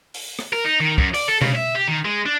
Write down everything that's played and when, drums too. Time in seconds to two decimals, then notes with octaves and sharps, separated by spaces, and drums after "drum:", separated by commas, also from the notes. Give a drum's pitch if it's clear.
0.14 drum: open hi-hat
0.39 drum: rim click
0.53 A#4
0.65 D#4
0.80 D#3
0.98 F#2, drum: kick
1.14 D5, drum: open hi-hat
1.28 A4
1.42 C#3, drum: tom B2
1.56 E5
1.75 G4
1.88 D#3
2.05 G#3
2.26 D4